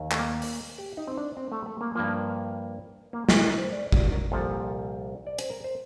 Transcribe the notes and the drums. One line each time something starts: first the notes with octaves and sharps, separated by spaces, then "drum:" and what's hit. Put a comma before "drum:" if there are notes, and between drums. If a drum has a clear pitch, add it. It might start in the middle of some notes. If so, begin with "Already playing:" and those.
Already playing: D#2 D#3
A3, drum: clap
A#3
drum: open hi-hat
G4
D#4
C4
D4
C4
A3
A3
A#3
G2 F3 A#3
A#3
A4, drum: snare
A#4
C5
D5
D5, drum: kick G#1
A#4
C2 A#2 F3 A4
D5
C5, drum: hi-hat
A#4
C5